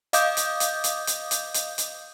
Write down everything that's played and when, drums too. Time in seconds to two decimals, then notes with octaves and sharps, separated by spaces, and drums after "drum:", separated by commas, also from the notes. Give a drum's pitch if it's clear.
0.13 D#5 F5 D6 D#6 G6, drum: hi-hat
0.37 drum: hi-hat
0.60 drum: hi-hat
0.84 drum: hi-hat
1.07 drum: hi-hat
1.31 drum: hi-hat
1.54 drum: hi-hat
1.78 drum: hi-hat